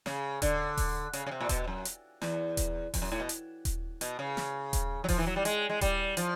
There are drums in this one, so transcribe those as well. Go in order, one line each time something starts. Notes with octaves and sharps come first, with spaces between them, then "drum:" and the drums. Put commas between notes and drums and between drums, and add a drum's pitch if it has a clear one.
C#3, drum: snare
D3, drum: kick D#1, hi-hat
drum: kick D#1, open hi-hat
C#3, drum: hi-hat
C#3
C3
A#2
B2, drum: kick D#1, hi-hat
F#2
drum: hi-hat
E2, drum: snare
drum: kick D#1, hi-hat
F2, drum: kick D#1, open hi-hat
F#2
A2
B2
drum: hi-hat
drum: kick D#1, hi-hat
B2, drum: hi-hat
C#3
drum: snare
drum: kick D#1, hi-hat
F#3
F3, drum: kick D#1, open hi-hat
E3
F#3
G3
G#3, drum: hi-hat
G#3
G3, drum: kick D#1, hi-hat
F3, drum: hi-hat